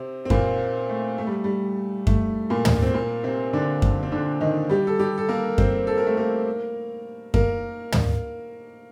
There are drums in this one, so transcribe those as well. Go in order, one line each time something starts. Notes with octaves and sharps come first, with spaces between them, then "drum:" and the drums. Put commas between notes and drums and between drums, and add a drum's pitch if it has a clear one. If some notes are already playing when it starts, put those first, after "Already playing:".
Already playing: C3 C4
C4
A#2 A#3, drum: kick F#2
A3
A3
G3
G3
A3, drum: kick F#2
A#2 A#3
drum: tom
C4
A#2 A#3
C3 C4
D3 D4
drum: kick F#2
C4
D3 D4
D#3 D#4
G3 G4
A4
G3 G4
A4
A#3 A#4
C4 C5, drum: kick F#2
A4
A#4
A3 A4
A#3 A#4
A#3 A#4, drum: kick F#2
drum: tom